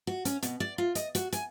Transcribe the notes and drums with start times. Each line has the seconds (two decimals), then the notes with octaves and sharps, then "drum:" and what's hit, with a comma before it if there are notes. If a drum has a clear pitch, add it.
0.07 F#4
0.25 C#4, drum: hi-hat
0.43 B2, drum: hi-hat
0.60 D5
0.78 F4
0.95 D#5, drum: hi-hat
1.15 F#4, drum: hi-hat
1.33 G#5, drum: hi-hat